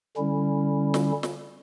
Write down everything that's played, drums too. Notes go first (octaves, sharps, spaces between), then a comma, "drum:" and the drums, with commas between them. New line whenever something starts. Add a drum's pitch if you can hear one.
D3 G3 C#4 E4
drum: snare
drum: snare